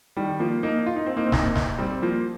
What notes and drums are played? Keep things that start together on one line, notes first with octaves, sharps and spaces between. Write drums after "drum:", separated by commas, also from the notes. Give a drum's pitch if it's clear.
D#3 G3
F3 A#3
A#3 D#4
F4
D#4
C4
A#3 D#4
C4
A#3 D#4, drum: snare
drum: snare
G3 C4
F3 A#3